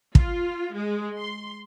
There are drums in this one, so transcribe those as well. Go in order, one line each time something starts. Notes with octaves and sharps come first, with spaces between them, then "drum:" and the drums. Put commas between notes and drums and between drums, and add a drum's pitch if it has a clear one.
F4, drum: kick
G#3
C6